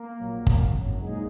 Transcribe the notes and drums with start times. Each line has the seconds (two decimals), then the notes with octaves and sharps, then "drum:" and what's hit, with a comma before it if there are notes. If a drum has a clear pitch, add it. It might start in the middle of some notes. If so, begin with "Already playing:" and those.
Already playing: A#3
0.19 A#1 A#2 F#3
0.47 drum: kick
0.60 G#1 F#2 F#3
1.01 A#1 A#2 G#3 D#4 G#4